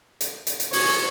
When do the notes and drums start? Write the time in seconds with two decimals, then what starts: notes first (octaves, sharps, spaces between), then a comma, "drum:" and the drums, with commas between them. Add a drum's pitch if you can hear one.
0.21 drum: hi-hat
0.47 drum: hi-hat
0.60 drum: hi-hat
0.73 C#5, drum: open hi-hat